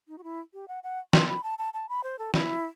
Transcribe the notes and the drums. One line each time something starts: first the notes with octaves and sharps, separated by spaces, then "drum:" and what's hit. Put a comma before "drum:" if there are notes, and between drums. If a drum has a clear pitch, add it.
D#4
F#4
E4
G4
F#5
F#5
C6, drum: snare
B5
A5
A5
A5
B5
C5
A4
E4, drum: snare